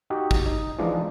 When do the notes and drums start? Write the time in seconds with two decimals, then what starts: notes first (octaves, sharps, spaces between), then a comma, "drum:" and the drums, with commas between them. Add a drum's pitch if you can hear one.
0.10 D#4 F#4 G4
0.31 drum: kick
0.46 D#4
0.79 E3 F3 G#3 D4 D#4